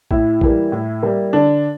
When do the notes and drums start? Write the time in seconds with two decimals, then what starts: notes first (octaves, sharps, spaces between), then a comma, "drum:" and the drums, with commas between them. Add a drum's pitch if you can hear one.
0.11 A2 E4, drum: kick A#1
0.41 E3 G3 A#3, drum: kick A#1
0.72 A2
1.03 G3 A#3
1.33 D3 D4